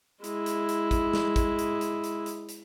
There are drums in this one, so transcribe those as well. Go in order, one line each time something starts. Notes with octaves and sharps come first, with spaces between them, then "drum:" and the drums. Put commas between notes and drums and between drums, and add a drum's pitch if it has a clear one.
G#3 E4, drum: hi-hat
drum: hi-hat
drum: hi-hat
drum: kick, hi-hat
drum: snare
drum: kick, hi-hat
drum: hi-hat
drum: hi-hat
drum: hi-hat
drum: hi-hat
drum: hi-hat